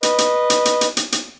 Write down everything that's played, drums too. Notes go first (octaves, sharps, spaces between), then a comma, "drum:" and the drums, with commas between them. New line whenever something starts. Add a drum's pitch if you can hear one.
B4 D#5, drum: hi-hat
drum: hi-hat
drum: hi-hat
drum: hi-hat
drum: hi-hat
drum: hi-hat
drum: hi-hat